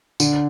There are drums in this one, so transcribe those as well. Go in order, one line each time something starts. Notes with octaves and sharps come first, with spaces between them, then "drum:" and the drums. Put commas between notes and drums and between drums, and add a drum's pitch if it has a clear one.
D3, drum: tambourine